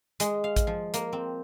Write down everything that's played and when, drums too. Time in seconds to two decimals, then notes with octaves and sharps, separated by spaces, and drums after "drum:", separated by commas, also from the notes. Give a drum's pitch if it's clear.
0.20 G#3, drum: hi-hat
0.44 F5
0.56 drum: kick A1, hi-hat
0.67 F3
0.94 A#3, drum: hi-hat
1.13 C4